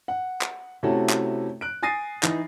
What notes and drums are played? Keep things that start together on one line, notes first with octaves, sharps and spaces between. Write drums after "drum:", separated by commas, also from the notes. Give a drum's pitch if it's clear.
F#5
drum: clap
C3 A3 C#4 E4 F#4 A4
drum: clap
F#6 D7
G#5 D#6 A6 A#6 C7 D#7
E3 D#4, drum: clap